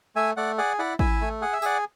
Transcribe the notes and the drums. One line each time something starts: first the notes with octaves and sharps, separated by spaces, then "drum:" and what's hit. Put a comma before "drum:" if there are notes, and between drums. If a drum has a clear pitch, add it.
A3 E5 G#5
A3 D5 F#5
G#4 D5 F#5
E4 D5 F#5
E4 E5 G#5, drum: kick
A3
G#4 F#5
E5
G#4 D5 F#5, drum: tambourine